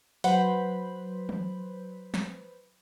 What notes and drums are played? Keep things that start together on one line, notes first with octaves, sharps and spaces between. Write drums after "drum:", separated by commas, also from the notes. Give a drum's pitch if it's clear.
F#3 B4 C5 F#5 B5, drum: hi-hat
drum: tom
drum: snare